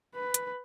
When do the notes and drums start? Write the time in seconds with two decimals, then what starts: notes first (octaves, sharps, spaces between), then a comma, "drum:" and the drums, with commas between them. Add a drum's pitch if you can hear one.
0.15 B4
0.34 drum: hi-hat